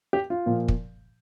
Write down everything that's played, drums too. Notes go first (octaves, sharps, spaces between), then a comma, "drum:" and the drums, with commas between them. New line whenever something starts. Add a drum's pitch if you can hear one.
G4
F4
A#2 F3
drum: kick